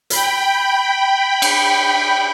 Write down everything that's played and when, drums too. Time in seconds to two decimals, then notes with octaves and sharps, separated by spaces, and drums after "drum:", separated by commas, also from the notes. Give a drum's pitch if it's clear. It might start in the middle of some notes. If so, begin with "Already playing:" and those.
0.10 G5 B5, drum: hi-hat
1.42 drum: cymbal